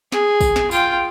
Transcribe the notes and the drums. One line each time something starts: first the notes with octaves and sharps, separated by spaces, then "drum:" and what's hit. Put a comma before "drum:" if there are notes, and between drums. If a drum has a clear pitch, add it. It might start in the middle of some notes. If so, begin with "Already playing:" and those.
G#4, drum: snare
drum: kick, tambourine
drum: snare
F4 G5, drum: tambourine